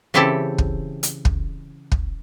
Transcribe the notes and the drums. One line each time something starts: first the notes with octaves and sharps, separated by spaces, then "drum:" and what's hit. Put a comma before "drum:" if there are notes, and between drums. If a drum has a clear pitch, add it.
C#3 E3 C4 E4 G4 A4
drum: kick
drum: hi-hat
drum: kick
drum: kick